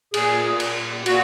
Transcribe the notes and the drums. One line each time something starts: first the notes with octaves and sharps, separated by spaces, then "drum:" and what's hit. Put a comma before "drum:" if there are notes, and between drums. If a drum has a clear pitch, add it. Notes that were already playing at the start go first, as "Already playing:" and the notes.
A#2 G#4, drum: cymbal
A#2
drum: cymbal
A#2
A#2 F#4, drum: cymbal